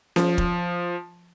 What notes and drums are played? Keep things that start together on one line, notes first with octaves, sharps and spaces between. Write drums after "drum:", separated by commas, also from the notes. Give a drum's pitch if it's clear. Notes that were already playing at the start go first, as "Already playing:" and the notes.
F3, drum: snare C#4
drum: kick